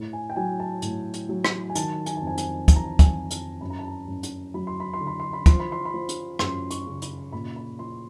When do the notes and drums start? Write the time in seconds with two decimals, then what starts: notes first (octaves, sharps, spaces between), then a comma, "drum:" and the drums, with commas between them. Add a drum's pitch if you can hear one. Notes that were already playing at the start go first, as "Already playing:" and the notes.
Already playing: A2
0.13 G#5
0.30 G5
0.36 F#3 G#5
0.60 A5
0.82 A2, drum: hi-hat
1.14 drum: hi-hat
1.29 F#3
1.45 drum: rim click
1.70 G#5
1.75 D#3 A5, drum: hi-hat
2.06 G#5, drum: hi-hat
2.17 F2 A5
2.27 G#5
2.38 G#5, drum: hi-hat
2.68 F2 A5, drum: kick, hi-hat
2.76 A#5
2.84 A5
2.99 G#5, drum: kick, hi-hat
3.15 F2
3.31 A5, drum: hi-hat
3.61 F#2 B5
3.70 A#5
3.79 A5
3.87 A#5
4.08 F#2
4.23 drum: hi-hat
4.54 F#3 B5
4.67 C6
4.80 B5
4.93 C6
5.01 D3
5.07 B5
5.20 C6
5.33 B5
5.46 F3 C6, drum: kick, hi-hat
5.60 B5
5.72 C6
5.85 B5
5.94 F3
6.09 drum: hi-hat
6.39 F#2 C6, drum: rim click
6.71 C#6, drum: hi-hat
6.87 C#3
7.02 B5, drum: hi-hat
7.33 A#2 B5
7.56 B5
7.79 F3 C6